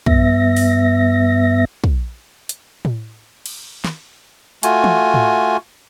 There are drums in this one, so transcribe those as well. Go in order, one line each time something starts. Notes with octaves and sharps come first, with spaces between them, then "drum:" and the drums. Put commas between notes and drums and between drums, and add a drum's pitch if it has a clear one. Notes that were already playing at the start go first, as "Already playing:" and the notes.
G2 B3 E5 A#6, drum: kick
drum: open hi-hat
drum: kick
drum: hi-hat
drum: tom A2
drum: cymbal
drum: snare
A3 F4 F#4 G#5, drum: hi-hat
drum: tom
drum: tom A2